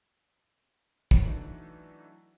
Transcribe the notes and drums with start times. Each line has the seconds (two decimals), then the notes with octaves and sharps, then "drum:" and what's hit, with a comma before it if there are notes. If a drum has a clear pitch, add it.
1.11 drum: kick
1.23 E3 F#3 A3 D4 D#4